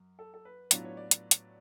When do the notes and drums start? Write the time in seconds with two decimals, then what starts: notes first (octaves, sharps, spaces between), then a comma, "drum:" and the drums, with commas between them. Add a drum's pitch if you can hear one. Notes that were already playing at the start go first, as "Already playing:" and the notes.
Already playing: F#2
0.19 A4
0.34 A4
0.45 B4
0.71 A2 F#3 B3 D4 F4 D5, drum: hi-hat
0.85 C#5
0.97 D5
1.11 drum: hi-hat
1.31 drum: hi-hat